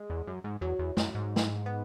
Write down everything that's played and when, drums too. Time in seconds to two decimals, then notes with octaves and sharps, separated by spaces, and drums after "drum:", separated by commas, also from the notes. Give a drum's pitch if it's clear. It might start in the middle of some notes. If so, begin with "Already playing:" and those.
Already playing: G#3
0.10 E2
0.27 F#2
0.44 G#2
0.61 E2 F#3
0.79 E2
0.97 F#2, drum: snare
1.15 G#2
1.36 drum: snare
1.66 B3